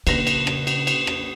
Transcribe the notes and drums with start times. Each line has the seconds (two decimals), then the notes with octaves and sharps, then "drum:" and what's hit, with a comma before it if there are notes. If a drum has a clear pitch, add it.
0.07 A#1 C#3 B4 A#6, drum: cymbal
0.27 drum: cymbal
0.47 drum: rim click
0.67 drum: cymbal
0.87 drum: cymbal
1.07 drum: rim click